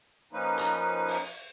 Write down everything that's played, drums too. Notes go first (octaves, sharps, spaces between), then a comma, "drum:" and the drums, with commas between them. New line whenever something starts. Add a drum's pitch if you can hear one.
F3 A#3 C#4 D#4 B4
drum: hi-hat
drum: open hi-hat